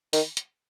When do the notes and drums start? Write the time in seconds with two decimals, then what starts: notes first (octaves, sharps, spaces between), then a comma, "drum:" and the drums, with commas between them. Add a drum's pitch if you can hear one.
0.13 D#3, drum: open hi-hat
0.37 drum: hi-hat